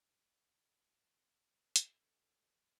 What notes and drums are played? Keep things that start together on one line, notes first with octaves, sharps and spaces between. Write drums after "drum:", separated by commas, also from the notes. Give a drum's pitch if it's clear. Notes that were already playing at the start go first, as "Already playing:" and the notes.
B2 A4, drum: hi-hat